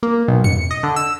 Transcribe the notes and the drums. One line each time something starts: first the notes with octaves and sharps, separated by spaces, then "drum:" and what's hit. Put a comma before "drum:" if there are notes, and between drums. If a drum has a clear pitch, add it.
A#3
B1
C#7, drum: tom E2
D#5
D3
E6